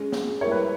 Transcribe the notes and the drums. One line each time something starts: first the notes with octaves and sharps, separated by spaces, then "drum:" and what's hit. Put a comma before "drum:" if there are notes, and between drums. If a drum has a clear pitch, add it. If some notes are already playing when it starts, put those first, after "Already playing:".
Already playing: G#3 C#4 G#4
drum: snare
G3 A#3 E4 A#4 C#5
B4